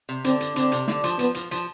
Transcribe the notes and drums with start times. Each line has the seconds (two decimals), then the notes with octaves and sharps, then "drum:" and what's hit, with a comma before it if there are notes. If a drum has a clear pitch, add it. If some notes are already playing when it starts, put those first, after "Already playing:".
0.09 C3
0.24 D3 C4, drum: hi-hat
0.40 drum: hi-hat
0.56 D3 C4, drum: hi-hat
0.72 C3, drum: hi-hat
0.88 D3, drum: snare
1.04 F3, drum: hi-hat
1.19 F3 B3, drum: hi-hat
1.34 F3, drum: hi-hat
1.51 F3, drum: hi-hat